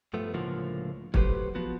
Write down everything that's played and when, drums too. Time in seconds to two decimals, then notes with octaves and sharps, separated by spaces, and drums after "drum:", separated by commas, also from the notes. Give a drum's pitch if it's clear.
0.13 G2 F3 A3 B3
0.34 C#2 A2 D3 F3 A#3
1.14 F#3 A3 B3 G4 B4 C5, drum: kick
1.55 F3 B3 F#4